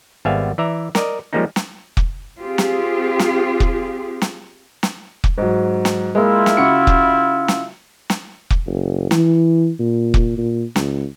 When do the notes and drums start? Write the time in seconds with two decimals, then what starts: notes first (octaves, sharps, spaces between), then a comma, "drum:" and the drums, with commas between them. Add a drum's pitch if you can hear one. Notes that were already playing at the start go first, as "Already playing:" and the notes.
0.25 G#1 G3 B3 E5 F5 G#5
0.58 E3 D5 E5 A#5
0.95 A#4 D5 D#5, drum: snare
1.33 F3 G3 G#3 A#3 C#4 D#4
1.56 drum: snare
1.97 drum: kick
2.40 C4 F4 G4 G#4
2.58 drum: snare
3.19 drum: snare
3.60 drum: kick
4.22 drum: snare
4.83 drum: snare
5.24 drum: kick
5.38 G#2 F#3
5.85 drum: snare
6.15 G#3 A#3 E4 F4
6.46 drum: snare
6.57 C#3 F#4 C#7
6.87 drum: kick
7.48 drum: snare
8.10 drum: snare
8.50 drum: kick
8.66 F#1
9.11 E3, drum: snare
9.79 A#2
10.14 drum: kick
10.38 A#2
10.76 C#2, drum: snare